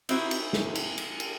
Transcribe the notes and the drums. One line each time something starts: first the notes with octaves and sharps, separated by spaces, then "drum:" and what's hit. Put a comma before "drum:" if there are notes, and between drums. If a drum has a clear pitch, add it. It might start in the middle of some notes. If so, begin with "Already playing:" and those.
C4 D#4 E4 F#4 C5, drum: cymbal
drum: cymbal
drum: snare
drum: cymbal
drum: cymbal
drum: cymbal